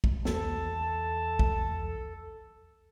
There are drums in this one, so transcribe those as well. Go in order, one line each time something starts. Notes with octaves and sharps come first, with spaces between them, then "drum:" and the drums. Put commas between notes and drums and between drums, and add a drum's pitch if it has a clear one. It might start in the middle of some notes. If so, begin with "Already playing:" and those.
drum: kick
E2 A4 A5, drum: snare
drum: kick